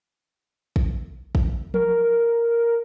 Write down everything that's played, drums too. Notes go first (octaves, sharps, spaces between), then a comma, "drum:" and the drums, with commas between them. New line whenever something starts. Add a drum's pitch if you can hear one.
drum: kick
drum: kick
A#4, drum: tom F3